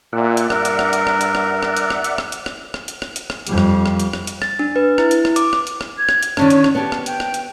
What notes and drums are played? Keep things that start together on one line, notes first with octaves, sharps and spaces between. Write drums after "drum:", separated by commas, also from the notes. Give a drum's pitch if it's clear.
A#2 D5 E5 F#5
drum: hi-hat
G2 A#4, drum: rim click
drum: hi-hat
drum: rim click
drum: hi-hat
drum: rim click
drum: hi-hat
drum: rim click
drum: rim click
drum: hi-hat
drum: rim click
drum: hi-hat
drum: rim click
drum: hi-hat
drum: rim click
drum: rim click
drum: hi-hat
drum: rim click
drum: hi-hat
drum: rim click
F2 G3, drum: hi-hat
drum: rim click
drum: rim click
drum: hi-hat
drum: rim click
drum: hi-hat
A6, drum: rim click
D4
B4
E4, drum: rim click
drum: hi-hat
drum: rim click
D6, drum: hi-hat
drum: rim click
drum: hi-hat
drum: rim click
G#6
drum: rim click
drum: hi-hat
D#3 C#4 D4 A5, drum: rim click
C#5, drum: hi-hat
drum: rim click
B3 G4 A5
drum: rim click
G5, drum: hi-hat
drum: rim click
drum: hi-hat